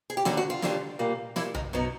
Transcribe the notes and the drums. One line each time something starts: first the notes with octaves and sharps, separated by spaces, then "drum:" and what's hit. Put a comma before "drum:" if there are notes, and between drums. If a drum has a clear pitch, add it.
G#4
G4
D#2 D3 G3 F#4, drum: snare
F#4
F4
D#2 D3 G3, drum: snare
A#2 G3 A#3
A#2 G3 A#3 E4, drum: snare
D#4, drum: tom B1
B2 F#3 B3 D#4